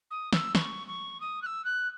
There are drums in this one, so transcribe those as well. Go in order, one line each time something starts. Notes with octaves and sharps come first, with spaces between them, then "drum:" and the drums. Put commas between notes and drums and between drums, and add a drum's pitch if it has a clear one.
D#6
E6, drum: snare
C#6, drum: snare
C#6
D#6
F#6
E6
F#6